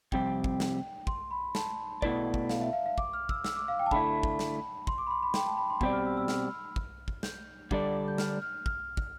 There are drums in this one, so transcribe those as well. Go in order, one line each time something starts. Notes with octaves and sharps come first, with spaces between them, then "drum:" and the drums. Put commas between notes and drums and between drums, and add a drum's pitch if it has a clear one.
F2 C3 G3 C4 G4 G5, drum: kick
drum: kick
drum: snare
C6, drum: kick
B5
A5, drum: snare
B2 A3 E4 B4 D5, drum: kick
drum: kick
F5, drum: snare
E5
F5
F5
D6, drum: kick
F6
E6, drum: kick
E6, drum: snare
D6
F5
G5
A5
D3 A3 E4 B5, drum: kick
drum: kick
drum: snare
C6, drum: kick
D6
B5
C6
B5
G5, drum: snare
A5
B5
C6
B2 G3 C4 G4 D5 B5, drum: kick
F6
E6
E6
F6, drum: snare
drum: kick
drum: kick
G6, drum: snare
D3 G3 D4 A4 D5, drum: kick
G6
F6, drum: snare
F6
F6, drum: kick
drum: kick